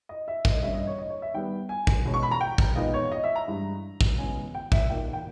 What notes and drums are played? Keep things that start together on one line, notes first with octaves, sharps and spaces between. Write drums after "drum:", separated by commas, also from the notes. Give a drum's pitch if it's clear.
D#5
E5
D#5, drum: kick
D#5
G2 G3 A#3 C#4 E5
D#5
C#5
D#5
C#5
E5
D#3 G3 B3 G5
G#5
drum: kick
B2 G#3 C#4
C#6
B5
A#5
G5
drum: kick
A#2 G#3 B3 D#4 D#5
C#5
D#5
E5
A#5
G2 E3 G#3
drum: kick
C#3 G#3 B3 G#5
G5
E5, drum: kick
A#2 A#3 D#4 G5
G5